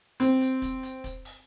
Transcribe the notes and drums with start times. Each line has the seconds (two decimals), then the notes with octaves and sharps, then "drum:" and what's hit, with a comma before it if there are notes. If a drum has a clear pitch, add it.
0.20 C4, drum: hi-hat
0.41 drum: hi-hat
0.62 drum: kick, hi-hat
0.83 drum: hi-hat
1.04 drum: kick, hi-hat
1.25 drum: open hi-hat